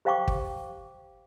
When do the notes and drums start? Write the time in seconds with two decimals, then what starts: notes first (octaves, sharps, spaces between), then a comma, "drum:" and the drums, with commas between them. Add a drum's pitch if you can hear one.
0.05 G4 C5 F5 G5 C#6 D6
0.28 drum: kick